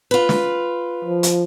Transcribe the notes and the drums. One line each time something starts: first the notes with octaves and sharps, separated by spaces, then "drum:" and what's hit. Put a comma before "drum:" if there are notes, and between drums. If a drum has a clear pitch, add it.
F4 B4
drum: snare
F3
drum: hi-hat